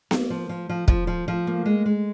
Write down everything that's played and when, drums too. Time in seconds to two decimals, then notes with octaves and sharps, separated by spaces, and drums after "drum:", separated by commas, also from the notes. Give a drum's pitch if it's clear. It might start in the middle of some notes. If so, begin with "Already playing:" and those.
0.11 A#3, drum: snare B3
0.30 F3
0.49 F3
0.69 F3
0.88 F3, drum: kick
1.07 F3
1.28 F3
1.47 A#3
1.66 G#3
1.86 G#3